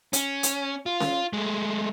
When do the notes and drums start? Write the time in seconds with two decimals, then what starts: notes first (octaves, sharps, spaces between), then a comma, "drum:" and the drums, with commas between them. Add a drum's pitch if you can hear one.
0.13 C#4, drum: hi-hat
0.43 drum: hi-hat
0.86 F4
1.00 drum: snare C#4
1.33 G#3 A3